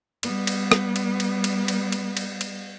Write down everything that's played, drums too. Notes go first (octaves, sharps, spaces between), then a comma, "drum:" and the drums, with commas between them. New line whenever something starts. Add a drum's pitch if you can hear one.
G3 B3, drum: cymbal
drum: cymbal
drum: rim click
drum: cymbal
drum: cymbal
drum: cymbal
drum: cymbal
drum: cymbal
drum: cymbal
drum: cymbal